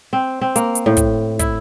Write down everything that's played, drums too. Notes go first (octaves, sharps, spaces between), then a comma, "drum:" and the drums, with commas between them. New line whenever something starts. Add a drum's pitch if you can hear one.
C4
C4
A#3, drum: hi-hat
drum: hi-hat
A2
drum: kick, hi-hat
E4, drum: kick, hi-hat